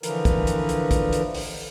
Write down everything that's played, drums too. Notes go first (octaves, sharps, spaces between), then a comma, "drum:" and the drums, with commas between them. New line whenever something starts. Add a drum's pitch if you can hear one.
D3 E3 F3 A#4 B4, drum: hi-hat
drum: kick, hi-hat
drum: hi-hat
drum: hi-hat
drum: kick, hi-hat
drum: hi-hat
drum: open hi-hat